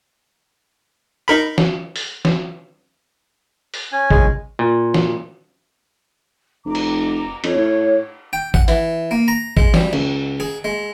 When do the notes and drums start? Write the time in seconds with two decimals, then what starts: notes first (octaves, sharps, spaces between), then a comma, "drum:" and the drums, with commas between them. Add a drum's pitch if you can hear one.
1.28 D#4 A#4 B5
1.58 drum: snare
1.96 drum: open hi-hat
2.25 drum: snare
3.74 drum: open hi-hat
3.92 C#4 G#5
4.11 F1 C2 G#3, drum: kick G#1
4.59 A#2
4.94 drum: snare
6.66 F1 A#5 D6
6.75 drum: cymbal
7.44 F2 C#5, drum: cymbal
7.55 A2
8.33 G5
8.54 F#5, drum: kick G#1
8.68 E3, drum: hi-hat
9.11 A#3
9.28 A#5
9.57 G#3, drum: kick G#1
9.74 G3, drum: snare
9.93 C#2, drum: cymbal
10.40 G#4
10.64 G#3